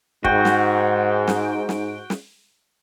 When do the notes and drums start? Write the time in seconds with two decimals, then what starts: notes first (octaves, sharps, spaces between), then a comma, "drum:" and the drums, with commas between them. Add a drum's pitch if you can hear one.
0.24 G#2 F#4 G5, drum: kick
0.45 drum: snare
1.28 drum: snare
1.69 drum: snare
2.10 drum: snare